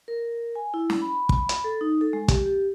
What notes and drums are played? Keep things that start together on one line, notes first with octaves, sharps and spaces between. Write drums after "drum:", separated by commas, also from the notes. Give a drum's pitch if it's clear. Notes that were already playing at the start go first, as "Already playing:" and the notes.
A#4
G#5
E4
drum: snare
B5
drum: kick
drum: hi-hat
A4
D#4
A4
G#3
G4, drum: kick, hi-hat
G4